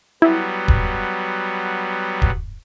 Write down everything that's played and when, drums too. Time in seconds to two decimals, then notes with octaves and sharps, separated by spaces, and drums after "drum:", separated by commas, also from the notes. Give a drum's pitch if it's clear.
0.22 F#3 G3 B3 E4
0.68 drum: kick
2.22 drum: kick